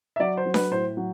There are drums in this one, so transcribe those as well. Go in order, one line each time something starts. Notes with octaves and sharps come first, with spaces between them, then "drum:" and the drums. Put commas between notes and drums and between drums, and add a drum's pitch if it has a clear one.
E5
F#3 D5
C5
F#3
B4, drum: snare D4
A2 C5
F#3